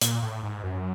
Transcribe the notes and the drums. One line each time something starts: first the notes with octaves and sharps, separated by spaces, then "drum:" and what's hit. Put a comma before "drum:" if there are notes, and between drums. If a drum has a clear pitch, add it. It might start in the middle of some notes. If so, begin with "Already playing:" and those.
A#2, drum: hi-hat
A2
G#2
F#2